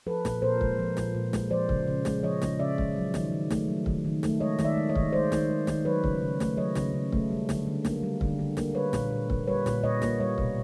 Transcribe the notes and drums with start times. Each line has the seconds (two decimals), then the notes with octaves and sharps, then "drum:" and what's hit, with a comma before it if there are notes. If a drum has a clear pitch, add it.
0.06 F3 A4 B4
0.25 A#2, drum: snare
0.42 A#2 A#4 C5
0.61 G#3, drum: kick C#1
0.79 F3
0.97 A#2, drum: snare
1.15 A#2
1.33 G#3, drum: snare
1.51 F3 C5 D5
1.69 C#3, drum: kick C#1
1.87 C#3
2.05 G#3, drum: snare
2.23 F3 C#5 D#5
2.42 C#3, drum: snare
2.59 C#3 D5 E5
2.78 G#3, drum: kick C#1
2.96 F#3
3.14 D#3, drum: snare
3.32 D#3
3.51 A3, drum: snare
3.68 F#3
3.86 D#3, drum: kick C#1
4.04 D#3
4.23 A3, drum: snare
4.40 G#3 C#5 D#5
4.59 D#3, drum: snare
4.64 D5 E5
4.77 G#3
4.89 C#5 D#5
4.96 D#3, drum: kick C#1
5.13 G#3 C5 D5
5.32 D#3, drum: snare
5.50 G#3
5.67 D#3, drum: snare
5.85 F#3 B4 C#5
6.04 C#3, drum: kick C#1
6.21 C#3
6.40 A3, drum: snare
6.57 F#3 C#5 D#5
6.75 C#3, drum: snare
6.94 C#3
7.12 A3, drum: kick C#1
7.31 G3
7.49 D3, drum: snare
7.66 D3
7.85 A#3, drum: snare
8.03 G3
8.21 D3, drum: kick C#1
8.39 D3
8.57 A#3, drum: snare
8.75 G3 B4 C#5
8.93 A#2, drum: snare
9.11 A#2
9.30 A#3, drum: kick C#1
9.47 G3 B4 C#5
9.66 A#2, drum: snare
9.83 A#2 C#5 D#5
10.02 A#3, drum: snare
10.20 G3 C#5 D#5
10.38 B2, drum: kick C#1